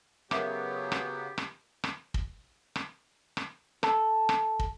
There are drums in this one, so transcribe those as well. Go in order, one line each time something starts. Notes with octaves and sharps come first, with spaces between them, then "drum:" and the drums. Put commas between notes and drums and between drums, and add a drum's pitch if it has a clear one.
C#3 F#3 B3 G4 A#4 E5 D6, drum: rim click
drum: rim click
drum: rim click
drum: rim click
drum: kick
drum: rim click
drum: rim click
A4, drum: rim click
drum: rim click
drum: kick